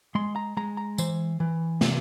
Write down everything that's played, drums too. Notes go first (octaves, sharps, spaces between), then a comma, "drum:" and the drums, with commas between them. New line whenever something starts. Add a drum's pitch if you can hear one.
G#3 C6
A#5
G#3 A#5
A#5
E3 C5, drum: tambourine
E3
C3, drum: snare